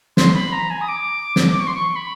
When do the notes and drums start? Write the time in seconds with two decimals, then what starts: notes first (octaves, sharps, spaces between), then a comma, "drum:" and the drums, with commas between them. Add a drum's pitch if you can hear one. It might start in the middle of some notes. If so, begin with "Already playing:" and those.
0.17 C6, drum: snare
0.34 B5
0.52 A#5
0.70 G#5
0.81 D#6
0.88 D6
1.36 drum: snare
1.60 C#6
1.67 C6
1.75 C#6
1.96 B5